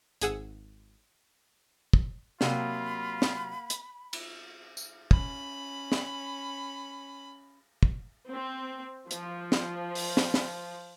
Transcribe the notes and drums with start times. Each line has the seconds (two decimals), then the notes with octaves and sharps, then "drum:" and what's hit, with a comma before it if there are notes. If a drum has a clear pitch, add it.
0.21 G#1 G#4 F#5 E6, drum: hi-hat
1.93 drum: kick
2.41 C3 F#3 A#3 F4 F5 F#5 B5, drum: snare
3.22 drum: snare
3.70 drum: hi-hat
4.13 drum: cymbal
4.77 drum: tambourine
5.11 C#4 B5, drum: kick
5.92 drum: snare
7.83 drum: kick
8.29 C4
9.11 F3, drum: hi-hat
9.52 drum: snare
9.95 drum: open hi-hat
10.17 drum: snare
10.34 drum: snare